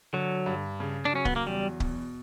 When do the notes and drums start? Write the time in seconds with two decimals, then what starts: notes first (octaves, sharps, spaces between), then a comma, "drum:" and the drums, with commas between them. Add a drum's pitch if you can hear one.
0.13 D3 F#3
0.46 G2
0.80 C#3
1.05 D4
1.13 F#3 C#4
1.25 B3, drum: kick C#1
1.36 A#3
1.47 E2 G3
1.80 B2, drum: kick C#1